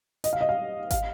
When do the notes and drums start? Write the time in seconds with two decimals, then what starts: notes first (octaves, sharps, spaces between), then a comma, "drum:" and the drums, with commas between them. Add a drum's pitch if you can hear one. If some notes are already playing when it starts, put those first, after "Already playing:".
0.24 D#5, drum: hi-hat
0.33 F5
0.41 D#5
0.49 F5
0.91 F5, drum: kick G#1, hi-hat